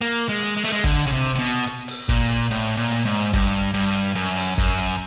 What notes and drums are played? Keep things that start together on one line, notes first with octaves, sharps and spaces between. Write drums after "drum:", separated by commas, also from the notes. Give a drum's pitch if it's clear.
A#3, drum: hi-hat
G#3
drum: hi-hat
G#3
A3, drum: open hi-hat
G#3
D3, drum: kick, hi-hat
C#3, drum: hi-hat
C3
drum: hi-hat
C3
B2
drum: hi-hat
drum: open hi-hat
A#2, drum: kick, hi-hat
drum: hi-hat
A2, drum: hi-hat
A#2
drum: hi-hat
G#2
G2, drum: kick, hi-hat
G2, drum: hi-hat
drum: hi-hat
F#2, drum: hi-hat
drum: open hi-hat
F#2, drum: kick
drum: hi-hat